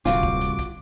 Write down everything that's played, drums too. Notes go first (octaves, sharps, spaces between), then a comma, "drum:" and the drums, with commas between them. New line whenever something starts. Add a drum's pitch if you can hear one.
D1 G2 C3 F4 F#4 D6, drum: snare
drum: kick
drum: hi-hat
drum: kick, hi-hat